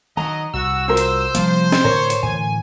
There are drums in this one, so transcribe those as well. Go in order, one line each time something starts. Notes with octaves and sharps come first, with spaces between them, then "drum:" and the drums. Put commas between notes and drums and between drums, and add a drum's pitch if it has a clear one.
D#3 F#3 D#5 A#5
C2 F#4 E6
F4 F#4 A#4 C5
drum: hi-hat
C3 F3 G3 A#3 F4, drum: hi-hat
drum: snare
A2 D3 A#4 C#5
drum: hi-hat
A2 D3 E3 G#5